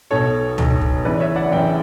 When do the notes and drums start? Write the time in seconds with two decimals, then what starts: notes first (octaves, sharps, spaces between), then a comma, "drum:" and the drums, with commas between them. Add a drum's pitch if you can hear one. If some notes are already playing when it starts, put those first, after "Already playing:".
0.11 B1 B2 A4 C#5
0.58 B1 B2, drum: tom C#2
0.81 drum: kick
1.05 F#1 F#2 C#3 E3 B4 D5
1.20 C#5 E5
1.36 D5 F#5
1.51 F#1 F#2 C#3 E3 E5 G5